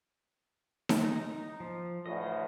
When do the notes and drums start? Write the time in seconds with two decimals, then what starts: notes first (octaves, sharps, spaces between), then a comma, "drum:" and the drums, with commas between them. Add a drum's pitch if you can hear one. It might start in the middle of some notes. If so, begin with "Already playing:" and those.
0.89 drum: snare D#4
1.04 D#4
1.60 F3
2.06 A1 D2 A2 D#5